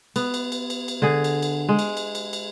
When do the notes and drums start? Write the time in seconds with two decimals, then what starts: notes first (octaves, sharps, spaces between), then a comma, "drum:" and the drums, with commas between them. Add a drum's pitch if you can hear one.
0.16 B3, drum: cymbal
0.34 drum: cymbal
0.52 drum: cymbal
0.70 drum: cymbal
0.88 drum: cymbal
1.02 D3 G#4
1.24 drum: cymbal
1.42 drum: cymbal
1.69 G#3
1.79 drum: cymbal
1.97 drum: cymbal
2.15 drum: cymbal
2.33 drum: cymbal